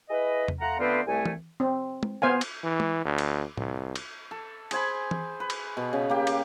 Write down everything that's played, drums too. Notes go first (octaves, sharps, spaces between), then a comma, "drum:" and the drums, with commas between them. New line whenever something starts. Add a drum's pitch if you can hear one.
E4 G#4 B4 D#5
drum: tom E2
A3 F4 F#5 A#5
D3 A3 B3 C4 F4 B4
C2 A3 G#5
drum: tom E3
C4
drum: tom G#3
B3 C5 F5 G#5
drum: cymbal
E3
drum: tom G#3
D2
drum: cymbal
C2, drum: tom A2
drum: cymbal
A4
G#4 C5 G#5 B5, drum: cymbal
drum: tom E3
B4
drum: cymbal
B2
C#3
A#3 G4
drum: cymbal